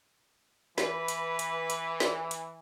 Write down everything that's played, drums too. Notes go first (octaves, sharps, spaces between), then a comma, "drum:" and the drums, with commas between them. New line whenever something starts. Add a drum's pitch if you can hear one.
E3 B4, drum: snare
drum: hi-hat
drum: hi-hat
drum: hi-hat
drum: snare
drum: hi-hat